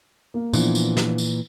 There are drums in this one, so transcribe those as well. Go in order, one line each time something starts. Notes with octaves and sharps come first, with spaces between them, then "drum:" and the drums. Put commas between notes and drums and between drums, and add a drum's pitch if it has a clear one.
A#3
A#2 E3 F3 B3 D4, drum: tambourine
drum: tambourine
drum: snare
drum: tambourine